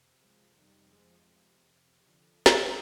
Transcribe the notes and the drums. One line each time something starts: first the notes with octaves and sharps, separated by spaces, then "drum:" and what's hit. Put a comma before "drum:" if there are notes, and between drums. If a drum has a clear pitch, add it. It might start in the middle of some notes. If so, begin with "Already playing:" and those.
Already playing: F2 C3
F3 G#3
D#3 G3
F3 G#3
D3 F3
drum: snare